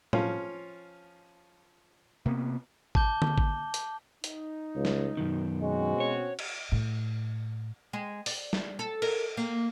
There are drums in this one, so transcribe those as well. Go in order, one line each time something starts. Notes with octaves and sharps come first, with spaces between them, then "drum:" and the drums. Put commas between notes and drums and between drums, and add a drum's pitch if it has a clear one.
F3 C#4 F4, drum: tom A2
C3 A#3 B3
A5 D6 G6 G7, drum: kick G#1
drum: tom D3
drum: kick G#1
drum: hi-hat
D#4, drum: hi-hat
C#2
drum: snare
F#2 B2 D#3
G#3 C4 C#4 F#4
C#5
drum: cymbal
A2
G#3
D5, drum: open hi-hat
drum: snare
A4
A#4, drum: cymbal
A#3